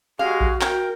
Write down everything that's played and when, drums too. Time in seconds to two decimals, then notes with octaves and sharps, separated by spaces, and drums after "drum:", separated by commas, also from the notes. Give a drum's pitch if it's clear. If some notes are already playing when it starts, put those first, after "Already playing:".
0.19 G#3 F#4 G4 F5
0.41 drum: kick A#1
0.61 F#4 A#4 G5, drum: clap